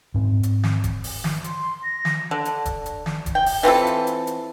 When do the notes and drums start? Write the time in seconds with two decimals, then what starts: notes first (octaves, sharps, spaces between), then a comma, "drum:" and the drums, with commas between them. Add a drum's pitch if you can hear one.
0.14 G#2 C4
0.43 drum: hi-hat
0.63 drum: snare
0.84 drum: kick E1, hi-hat
1.04 drum: open hi-hat
1.24 drum: snare
1.44 C6, drum: hi-hat
1.83 A#6
2.05 drum: snare
2.31 D3
2.45 drum: hi-hat
2.65 drum: kick E1, hi-hat
2.86 drum: hi-hat
3.06 drum: snare
3.26 drum: kick E1, hi-hat
3.35 G5
3.46 drum: open hi-hat
3.63 E3 C4 F4 A4
3.87 drum: hi-hat
4.07 drum: hi-hat
4.27 drum: hi-hat